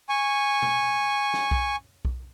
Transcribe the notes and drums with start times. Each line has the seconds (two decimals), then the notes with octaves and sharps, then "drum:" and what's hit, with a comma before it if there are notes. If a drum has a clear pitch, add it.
0.09 G#5 C#6
0.62 drum: tom
1.34 drum: snare
1.51 drum: kick B1
2.05 drum: kick B1